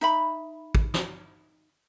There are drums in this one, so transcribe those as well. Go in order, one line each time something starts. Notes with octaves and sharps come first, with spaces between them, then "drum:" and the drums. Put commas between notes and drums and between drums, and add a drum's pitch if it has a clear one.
D#4 E5 B5, drum: hi-hat
drum: kick
drum: snare